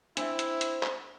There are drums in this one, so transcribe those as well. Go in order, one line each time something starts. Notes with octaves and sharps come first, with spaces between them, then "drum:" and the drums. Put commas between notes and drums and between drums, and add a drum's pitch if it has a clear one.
C4 D4 E4 E5, drum: hi-hat
drum: hi-hat
drum: hi-hat
drum: clap